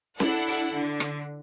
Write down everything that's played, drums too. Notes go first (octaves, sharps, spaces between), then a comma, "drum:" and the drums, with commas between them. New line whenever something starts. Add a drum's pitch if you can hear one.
D4 E4 A4 F#5, drum: snare
drum: open hi-hat
D3
drum: rim click